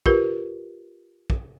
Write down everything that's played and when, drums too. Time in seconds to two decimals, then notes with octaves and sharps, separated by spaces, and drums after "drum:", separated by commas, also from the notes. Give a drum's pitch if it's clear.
0.06 F4 G4 A#4 B4, drum: kick
1.30 drum: kick